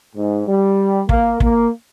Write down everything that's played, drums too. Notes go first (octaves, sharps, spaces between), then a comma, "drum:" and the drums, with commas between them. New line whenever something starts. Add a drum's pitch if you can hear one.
G#2
G3
A#3, drum: kick
A#3, drum: kick